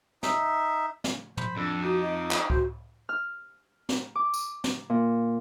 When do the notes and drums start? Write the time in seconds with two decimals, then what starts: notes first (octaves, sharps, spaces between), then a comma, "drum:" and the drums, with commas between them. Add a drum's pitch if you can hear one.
0.23 D#4 E5, drum: snare
1.04 drum: snare
1.37 C5 B5, drum: tom
1.57 F2 D4 A4
1.82 D#4 F#4 D6 D#6
2.01 D#5
2.31 drum: clap
2.50 F#4 C5, drum: kick C#2
3.09 F6
3.89 drum: snare
4.15 D6
4.34 drum: tambourine
4.64 drum: snare
4.90 A#2